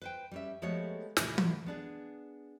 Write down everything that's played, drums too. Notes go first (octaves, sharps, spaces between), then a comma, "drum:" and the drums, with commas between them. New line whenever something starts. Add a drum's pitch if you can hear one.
B4 C5 G5
G3 C#4 E5
F3 G#3 A3 B3 G4 C#5
A2 C3 E3 G3, drum: snare
drum: tom E3
B3 D4 G#4